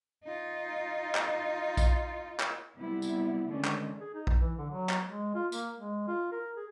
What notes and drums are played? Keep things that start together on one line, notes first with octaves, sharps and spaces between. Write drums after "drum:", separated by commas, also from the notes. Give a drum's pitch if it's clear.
D#4 F4
drum: clap
drum: kick A#1, tambourine
drum: clap
C3 G3 B3 E4
drum: tambourine
D3 D#3 G#3 A3 C#4 D4
drum: clap
G#4
D#4
drum: kick A#1
E3
D3
F#3
drum: clap
G#3
F4
A#3, drum: tambourine
G#3
F4
A#4
G#4